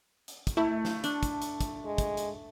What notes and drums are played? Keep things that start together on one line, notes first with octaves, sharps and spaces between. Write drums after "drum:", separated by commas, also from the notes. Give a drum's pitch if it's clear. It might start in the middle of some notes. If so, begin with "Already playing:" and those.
drum: hi-hat
drum: kick, hi-hat
A3 E4
drum: snare
D4, drum: hi-hat
drum: kick, hi-hat
drum: hi-hat
drum: kick, hi-hat
G#3
drum: kick, hi-hat
drum: hi-hat